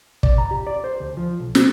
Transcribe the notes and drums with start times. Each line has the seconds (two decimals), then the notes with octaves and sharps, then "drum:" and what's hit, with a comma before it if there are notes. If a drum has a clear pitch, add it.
0.23 D5, drum: kick
0.38 A#5
0.51 G4
0.67 D5
0.84 C5
1.00 D2
1.17 F3
1.40 B1
1.55 C4, drum: snare